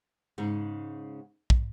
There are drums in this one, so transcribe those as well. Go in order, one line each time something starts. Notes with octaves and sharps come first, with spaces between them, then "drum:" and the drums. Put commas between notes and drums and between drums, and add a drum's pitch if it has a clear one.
G#2 C#3
drum: kick